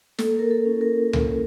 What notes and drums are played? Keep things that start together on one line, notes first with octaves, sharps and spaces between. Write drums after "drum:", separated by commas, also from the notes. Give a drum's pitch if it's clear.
A#3 A4, drum: snare
A#4
A4
C#4 E4
A#4
drum: tom C#2